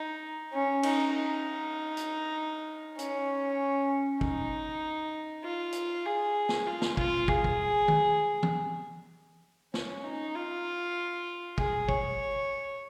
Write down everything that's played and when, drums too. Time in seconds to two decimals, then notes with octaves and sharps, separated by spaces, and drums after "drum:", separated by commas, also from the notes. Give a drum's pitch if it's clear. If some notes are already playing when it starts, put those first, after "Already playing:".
Already playing: D#4
0.53 C#4
0.83 D#4, drum: cymbal
1.14 D#4
1.97 drum: hi-hat
2.99 C#4, drum: hi-hat
4.21 D#4, drum: kick
5.44 F4
5.72 drum: hi-hat
6.05 G#4
6.49 drum: snare
6.67 F4
6.82 drum: snare
6.97 F4, drum: kick
7.28 G#4, drum: kick
7.44 drum: kick
7.88 drum: tom
8.43 drum: tom
9.74 C#4, drum: snare
10.04 D#4
10.35 F4
11.58 G#4, drum: kick
11.89 C#5, drum: kick